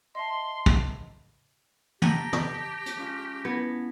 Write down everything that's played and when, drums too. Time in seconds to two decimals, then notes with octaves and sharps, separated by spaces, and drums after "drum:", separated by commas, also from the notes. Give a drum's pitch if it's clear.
0.15 D#5 E5 A5 C6
0.66 drum: kick
2.02 G4 A5 A#5 A#6, drum: tom
2.33 drum: tom
2.50 A5
2.86 drum: hi-hat
2.96 G#3 C#4 F4
3.45 B3 E4 G#6 A#6 B6